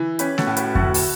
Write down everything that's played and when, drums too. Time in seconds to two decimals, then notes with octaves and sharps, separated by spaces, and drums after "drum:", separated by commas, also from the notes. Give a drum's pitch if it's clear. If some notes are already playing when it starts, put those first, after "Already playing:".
Already playing: E3 E4
0.19 C#4 G4 B4, drum: hi-hat
0.38 F#4 A4, drum: snare A3
0.47 A2
0.57 G4 B4, drum: hi-hat
0.75 D2 F#4 A4, drum: kick F2
0.94 drum: open hi-hat